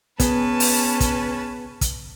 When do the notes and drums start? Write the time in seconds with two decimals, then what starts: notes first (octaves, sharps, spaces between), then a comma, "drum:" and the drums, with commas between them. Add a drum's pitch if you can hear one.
0.20 B3 C#4 G#4 B4 A5, drum: kick, hi-hat
0.60 drum: open hi-hat
1.00 drum: kick, hi-hat
1.81 drum: kick, hi-hat